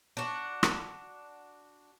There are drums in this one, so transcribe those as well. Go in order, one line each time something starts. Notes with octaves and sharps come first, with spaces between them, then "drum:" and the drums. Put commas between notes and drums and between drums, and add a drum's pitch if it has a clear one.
D4 F#4
drum: rim click